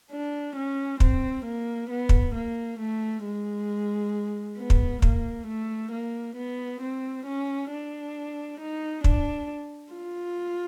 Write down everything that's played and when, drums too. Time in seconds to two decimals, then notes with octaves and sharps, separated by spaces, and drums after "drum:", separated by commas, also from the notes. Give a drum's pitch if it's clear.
0.11 D4
0.56 C#4
1.00 C4, drum: kick
1.45 A#3
1.90 B3
2.09 drum: kick
2.35 A#3
2.79 A3
3.25 G#3
4.58 B3
4.70 drum: kick
5.02 A#3, drum: kick
5.47 A3
5.92 A#3
6.36 B3
6.82 C4
7.26 C#4
7.71 D4
8.60 D#4
9.04 D4, drum: kick
9.94 F4